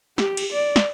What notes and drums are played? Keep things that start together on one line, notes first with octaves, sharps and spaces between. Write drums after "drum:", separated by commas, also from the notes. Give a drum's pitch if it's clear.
G4, drum: snare
drum: cymbal
D5
drum: snare